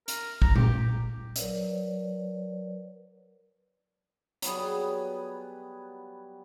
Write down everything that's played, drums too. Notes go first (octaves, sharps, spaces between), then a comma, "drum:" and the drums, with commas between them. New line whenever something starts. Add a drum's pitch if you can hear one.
A#4, drum: hi-hat
A#5, drum: kick
G4, drum: tom A#2
F#3 A#4 B4 C#5 D5, drum: hi-hat
F#3 G3 B3 G#4, drum: hi-hat